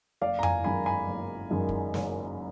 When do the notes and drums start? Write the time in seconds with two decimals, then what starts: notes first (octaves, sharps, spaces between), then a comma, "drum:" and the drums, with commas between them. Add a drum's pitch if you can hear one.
0.21 F#1 D5 F5
0.39 A#5
0.43 F5 G#5, drum: tom F2
0.64 F#2 D#3 G#3 G#5 B5
0.86 G#5 B5
1.08 F#1
1.51 F#2 D#3 G#3
1.69 drum: kick
1.94 F#1, drum: snare